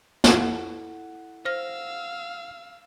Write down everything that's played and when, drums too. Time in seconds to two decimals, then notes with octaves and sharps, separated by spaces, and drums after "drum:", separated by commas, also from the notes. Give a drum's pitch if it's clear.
0.24 E4 A4 F#5, drum: snare
1.45 C5 F5 E6 F6 A#6